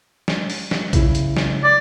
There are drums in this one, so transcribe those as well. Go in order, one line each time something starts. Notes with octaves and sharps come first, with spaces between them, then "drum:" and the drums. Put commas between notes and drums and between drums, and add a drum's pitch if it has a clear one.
drum: snare
drum: open hi-hat
drum: snare
C#3 E4, drum: kick A#1, hi-hat
drum: hi-hat
drum: snare
D5